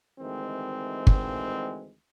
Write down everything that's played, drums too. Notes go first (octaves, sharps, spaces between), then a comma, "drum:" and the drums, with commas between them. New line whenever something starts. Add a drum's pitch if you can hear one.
D2 D#3 E3 G#3 C4
drum: kick